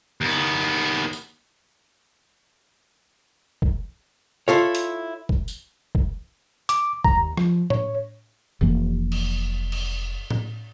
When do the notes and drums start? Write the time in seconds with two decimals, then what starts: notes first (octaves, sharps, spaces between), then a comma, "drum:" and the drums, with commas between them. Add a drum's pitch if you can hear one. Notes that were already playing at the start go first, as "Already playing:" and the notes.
0.21 D#2 B3
1.13 drum: tambourine
3.62 drum: kick
4.48 E4 F4 A4 C#5
4.75 drum: hi-hat
5.29 drum: kick
5.48 drum: tambourine
5.95 drum: kick
6.69 D6, drum: hi-hat
7.04 A#5, drum: kick
7.18 D#2
7.37 F3, drum: rim click
7.70 C#5, drum: tom A2
8.61 F1 F2 E3 A#3
9.12 drum: cymbal
9.72 drum: cymbal
10.31 drum: tom A2